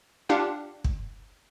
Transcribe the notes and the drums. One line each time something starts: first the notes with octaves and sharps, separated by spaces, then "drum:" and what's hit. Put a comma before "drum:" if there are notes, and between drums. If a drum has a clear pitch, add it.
D4 F4 G4 F5 F#5
drum: kick